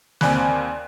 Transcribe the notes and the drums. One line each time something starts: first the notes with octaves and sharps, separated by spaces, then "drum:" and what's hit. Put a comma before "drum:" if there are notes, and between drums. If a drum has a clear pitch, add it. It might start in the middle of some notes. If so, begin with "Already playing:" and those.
D#2 C4 D5 G#5 B5 F#6, drum: snare